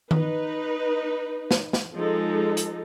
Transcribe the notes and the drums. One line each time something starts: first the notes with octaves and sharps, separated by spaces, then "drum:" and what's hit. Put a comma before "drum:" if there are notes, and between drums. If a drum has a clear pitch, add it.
D#4 B4, drum: tom D#3
drum: snare
drum: snare
F3 G#3 D#4 A4
drum: hi-hat